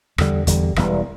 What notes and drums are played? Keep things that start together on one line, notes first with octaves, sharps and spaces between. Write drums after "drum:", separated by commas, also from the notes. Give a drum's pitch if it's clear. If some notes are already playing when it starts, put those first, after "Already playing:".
E2 D3 G3, drum: rim click
E2 D3 G3, drum: kick G1, hi-hat
E1 E2 E3 G3, drum: rim click